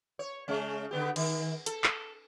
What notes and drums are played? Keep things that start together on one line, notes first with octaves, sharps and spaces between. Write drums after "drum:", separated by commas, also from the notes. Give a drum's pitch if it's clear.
C#5
C#3 G#3 C#4
D3 B3 G4
D#3, drum: cymbal
A4, drum: hi-hat
drum: clap